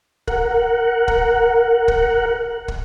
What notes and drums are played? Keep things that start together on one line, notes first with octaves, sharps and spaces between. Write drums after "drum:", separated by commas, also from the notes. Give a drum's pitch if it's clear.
A#4 F#5, drum: kick
drum: kick
drum: kick
drum: kick